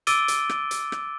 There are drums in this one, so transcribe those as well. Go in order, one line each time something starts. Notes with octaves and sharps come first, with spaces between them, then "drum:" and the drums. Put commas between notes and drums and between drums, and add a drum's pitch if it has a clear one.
D6 E6 A6 D7 D#7 G7, drum: hi-hat
drum: hi-hat
drum: rim click
drum: hi-hat
drum: rim click